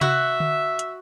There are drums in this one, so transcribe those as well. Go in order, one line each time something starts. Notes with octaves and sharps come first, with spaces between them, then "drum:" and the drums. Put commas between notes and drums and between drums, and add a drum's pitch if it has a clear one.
F#4 E5, drum: tom C3
drum: tom D3
drum: hi-hat